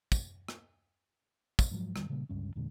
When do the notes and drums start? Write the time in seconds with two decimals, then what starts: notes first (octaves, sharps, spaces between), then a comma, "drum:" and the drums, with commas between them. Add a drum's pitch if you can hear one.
0.12 drum: kick, tambourine
0.48 drum: rim click
1.59 drum: kick, tambourine
1.71 G#2 F3 F#3
1.96 G2 D#3 G3 G#3, drum: rim click
2.09 A#2 C#3 G3 A#3
2.29 G1 C#2 G2 C#4
2.56 E2 A#2 D3 G#3